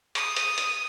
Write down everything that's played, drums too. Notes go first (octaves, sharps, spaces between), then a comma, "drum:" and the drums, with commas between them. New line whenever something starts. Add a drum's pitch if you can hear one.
D#6, drum: hi-hat
drum: hi-hat
drum: hi-hat